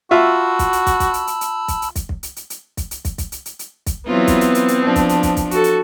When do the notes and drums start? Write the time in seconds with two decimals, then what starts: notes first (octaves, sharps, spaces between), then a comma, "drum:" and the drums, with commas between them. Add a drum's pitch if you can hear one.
0.11 F4 F#4 E5 A5 B5 E6
0.59 drum: kick, hi-hat
0.73 drum: hi-hat
0.86 drum: kick, hi-hat
1.00 drum: kick, hi-hat
1.14 drum: hi-hat
1.27 drum: hi-hat
1.41 drum: hi-hat
1.68 drum: kick, hi-hat
1.82 drum: hi-hat
1.96 drum: kick, hi-hat
2.09 drum: kick
2.23 drum: hi-hat
2.36 drum: hi-hat
2.50 drum: hi-hat
2.77 drum: kick, hi-hat
2.91 drum: hi-hat
3.05 drum: kick, hi-hat
3.18 drum: kick, hi-hat
3.32 drum: hi-hat
3.46 drum: hi-hat
3.59 drum: hi-hat
3.86 drum: kick, hi-hat
4.07 E3 F#3 B3 C4 F4
4.27 drum: kick, hi-hat
4.41 drum: hi-hat
4.55 drum: hi-hat
4.68 drum: hi-hat
4.82 F3 D4
4.96 drum: kick, hi-hat
5.09 drum: hi-hat
5.23 drum: kick, hi-hat
5.36 drum: kick, hi-hat
5.51 F#4 A4, drum: hi-hat
5.64 drum: hi-hat